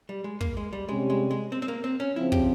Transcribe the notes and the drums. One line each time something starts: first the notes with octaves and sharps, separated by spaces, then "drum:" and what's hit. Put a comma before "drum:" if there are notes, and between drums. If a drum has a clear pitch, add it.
G3
G#3
A#3, drum: kick
G#3
G3
C3 G3 G#3 C#4 G4
G#3
G#3
C4
C4
A#3
C4
C#4
C#3 F3 C4 E4
G4, drum: kick